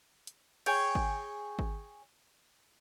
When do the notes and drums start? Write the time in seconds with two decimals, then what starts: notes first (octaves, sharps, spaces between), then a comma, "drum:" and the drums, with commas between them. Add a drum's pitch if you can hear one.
0.27 drum: hi-hat
0.66 G#4 C#5 G5, drum: cymbal
0.95 drum: kick G#1
1.59 drum: kick G#1